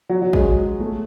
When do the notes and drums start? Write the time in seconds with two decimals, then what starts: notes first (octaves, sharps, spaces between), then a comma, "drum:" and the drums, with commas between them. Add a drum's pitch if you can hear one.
0.09 F#3
0.22 F#3
0.33 G#3, drum: kick
0.80 A3